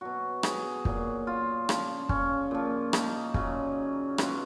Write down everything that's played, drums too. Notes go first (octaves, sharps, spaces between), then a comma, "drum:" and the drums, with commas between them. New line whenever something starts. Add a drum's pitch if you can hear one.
B2 F#3 F#4
G#4, drum: rim click
A#2 F#3, drum: kick
F4
C#3 F3, drum: rim click
C#4, drum: kick
A#2 F3
D#4, drum: rim click
C#3 F#3, drum: kick
B2 F#3 F4, drum: rim click